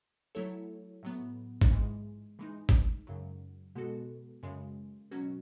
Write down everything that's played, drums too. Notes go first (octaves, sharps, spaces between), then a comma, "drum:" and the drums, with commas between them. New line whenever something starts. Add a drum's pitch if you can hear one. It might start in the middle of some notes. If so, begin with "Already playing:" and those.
F#3 A3 E4 A4 C#5
A2 F#3 B3
drum: kick
G#2 E3 G#3
E3 G#3 D#4
drum: kick
F#2 C#3 F#3
B2 G#3 B3 F#4 A4
F#2 C#3 G#3
B2 F#3 C#4 F#4